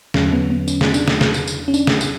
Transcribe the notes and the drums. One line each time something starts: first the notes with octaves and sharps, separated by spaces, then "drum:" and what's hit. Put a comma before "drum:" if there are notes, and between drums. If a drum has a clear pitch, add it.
E2 D3 F#3 C#4, drum: snare
B3
B3
C#4, drum: tambourine
drum: snare
D4, drum: tambourine
drum: snare
drum: snare
drum: tambourine
drum: tambourine
C#4
D4, drum: tambourine
drum: snare
drum: tambourine